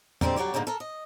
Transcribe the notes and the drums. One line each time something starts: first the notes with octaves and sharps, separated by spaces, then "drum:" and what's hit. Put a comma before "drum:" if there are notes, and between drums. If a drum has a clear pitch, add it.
A#2 D3 G3 G#3 C4, drum: tom
D3 F#3 G3 C#5 D5
E2 G#2 B2 D3 A#3
A4 A#4
D#5